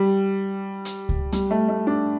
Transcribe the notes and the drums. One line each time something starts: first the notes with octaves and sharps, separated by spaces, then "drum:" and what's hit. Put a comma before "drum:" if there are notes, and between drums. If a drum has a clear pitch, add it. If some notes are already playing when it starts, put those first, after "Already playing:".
Already playing: G3
drum: hi-hat
drum: kick C#2
G3, drum: hi-hat
A3
A3
D4